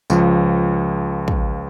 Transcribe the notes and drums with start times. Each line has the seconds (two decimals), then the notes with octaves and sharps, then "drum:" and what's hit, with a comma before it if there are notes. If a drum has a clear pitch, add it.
0.10 C#2 F3, drum: tambourine
1.28 drum: kick